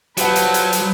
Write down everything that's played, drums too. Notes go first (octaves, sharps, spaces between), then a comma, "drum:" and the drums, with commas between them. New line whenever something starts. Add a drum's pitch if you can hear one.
F3 F#3 G4 B4 F#5 A5 G6, drum: hi-hat
drum: hi-hat
drum: hi-hat
drum: hi-hat